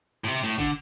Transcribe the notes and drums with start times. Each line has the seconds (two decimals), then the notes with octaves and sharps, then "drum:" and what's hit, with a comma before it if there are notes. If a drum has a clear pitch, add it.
0.24 A2
0.28 C3
0.43 A2
0.58 D3, drum: kick